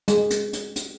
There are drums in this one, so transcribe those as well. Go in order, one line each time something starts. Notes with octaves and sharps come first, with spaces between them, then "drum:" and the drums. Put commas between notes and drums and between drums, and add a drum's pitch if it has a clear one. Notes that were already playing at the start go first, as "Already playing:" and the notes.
G#3, drum: hi-hat
drum: hi-hat
drum: hi-hat
drum: hi-hat